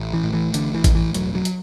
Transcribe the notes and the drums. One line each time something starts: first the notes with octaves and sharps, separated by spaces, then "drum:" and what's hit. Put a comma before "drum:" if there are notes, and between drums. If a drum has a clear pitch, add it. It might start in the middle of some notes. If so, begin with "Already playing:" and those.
Already playing: A1
E3
A2
E3
A1 D3, drum: hi-hat
E3
A2, drum: kick A1, hi-hat
E3
E1 F#3, drum: hi-hat
F#3
drum: hi-hat